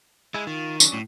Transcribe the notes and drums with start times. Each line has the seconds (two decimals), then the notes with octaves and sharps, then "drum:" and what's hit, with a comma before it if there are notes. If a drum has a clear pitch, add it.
0.34 G#3 E4 G#5
0.47 D#3 F4
0.80 F#3 C#4 D4, drum: tambourine
0.93 A2